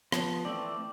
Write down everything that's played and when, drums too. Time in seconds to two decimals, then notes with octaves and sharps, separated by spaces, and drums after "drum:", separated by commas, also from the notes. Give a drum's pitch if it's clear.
0.12 F3 B3, drum: rim click
0.45 E3 A3 C4 D5